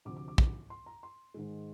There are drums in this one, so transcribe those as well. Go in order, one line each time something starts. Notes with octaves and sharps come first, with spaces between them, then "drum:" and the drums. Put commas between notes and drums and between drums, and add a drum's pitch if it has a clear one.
D2 C3 F3 D6
D6
D6
drum: kick
C6
A#5
C6
G#2 D#3 G#3